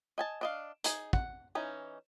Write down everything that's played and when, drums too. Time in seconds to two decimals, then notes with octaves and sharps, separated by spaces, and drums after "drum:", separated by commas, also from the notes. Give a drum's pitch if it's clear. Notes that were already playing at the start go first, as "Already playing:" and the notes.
0.18 D#5 G#5 A5
0.41 D4 D#5 F5
0.84 D#4 G#4, drum: hi-hat
1.13 F#5, drum: kick
1.55 E3 C#4 D#4